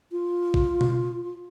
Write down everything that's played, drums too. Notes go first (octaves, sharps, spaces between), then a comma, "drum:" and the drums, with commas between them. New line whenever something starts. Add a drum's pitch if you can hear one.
F4
drum: kick
drum: tom B2